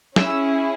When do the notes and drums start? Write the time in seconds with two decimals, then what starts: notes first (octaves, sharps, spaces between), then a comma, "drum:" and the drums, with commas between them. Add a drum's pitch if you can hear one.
0.16 C#4 E4 G#4 E6, drum: snare